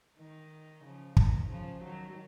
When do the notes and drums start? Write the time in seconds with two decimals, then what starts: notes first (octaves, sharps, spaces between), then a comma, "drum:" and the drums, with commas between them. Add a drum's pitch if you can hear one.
0.19 D#3
0.84 C#3 F3
1.17 D#3, drum: kick
1.50 C#3 F3
1.83 D#3 F#3